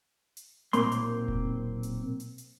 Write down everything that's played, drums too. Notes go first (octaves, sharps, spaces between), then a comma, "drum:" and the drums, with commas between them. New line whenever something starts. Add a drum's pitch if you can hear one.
drum: hi-hat
B1 A#2 A#3 C4 C6, drum: hi-hat
drum: hi-hat
drum: kick D#1
drum: hi-hat
drum: hi-hat
drum: hi-hat